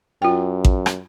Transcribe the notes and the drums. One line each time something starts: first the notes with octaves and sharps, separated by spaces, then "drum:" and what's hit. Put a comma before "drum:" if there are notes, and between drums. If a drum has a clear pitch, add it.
F#2 F4 G5
drum: kick A1
drum: rim click